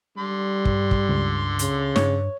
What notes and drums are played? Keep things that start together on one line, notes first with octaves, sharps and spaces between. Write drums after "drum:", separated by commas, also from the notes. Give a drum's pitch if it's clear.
D3 G3 C6
G2, drum: kick
drum: kick
C#2
C#3, drum: hi-hat
G2 C#5, drum: snare